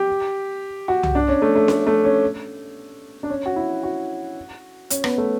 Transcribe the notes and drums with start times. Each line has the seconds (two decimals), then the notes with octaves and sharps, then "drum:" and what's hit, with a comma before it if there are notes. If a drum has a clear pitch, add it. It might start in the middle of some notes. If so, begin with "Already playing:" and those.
Already playing: G4
0.88 F#4
1.03 drum: tom C2
1.15 D4
1.28 C#4
1.42 A3
1.56 A3
1.68 A3, drum: snare C#4
1.87 A3
2.05 C#4
3.23 D4
3.30 C#4
3.46 F#4
3.56 E4
3.83 F#4
4.90 C#4, drum: hi-hat
5.04 B3, drum: rim click
5.18 A3